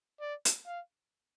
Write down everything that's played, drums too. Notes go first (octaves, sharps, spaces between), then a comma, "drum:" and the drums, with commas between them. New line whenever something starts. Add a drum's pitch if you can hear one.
D5
drum: hi-hat
F5